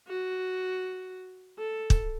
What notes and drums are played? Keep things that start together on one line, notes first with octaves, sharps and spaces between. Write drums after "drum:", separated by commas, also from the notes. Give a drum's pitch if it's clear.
F#4
A4
drum: kick